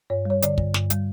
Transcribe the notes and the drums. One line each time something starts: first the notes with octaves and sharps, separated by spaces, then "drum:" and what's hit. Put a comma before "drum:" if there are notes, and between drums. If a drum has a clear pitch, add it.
G2 C#5
G3 C#5
D3 D5, drum: hi-hat
G2, drum: kick
G2, drum: snare
G3, drum: hi-hat